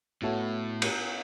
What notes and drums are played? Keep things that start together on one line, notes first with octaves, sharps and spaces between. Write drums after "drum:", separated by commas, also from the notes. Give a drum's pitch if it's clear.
A2 B3 F#4 A4 C#5 E5
drum: cymbal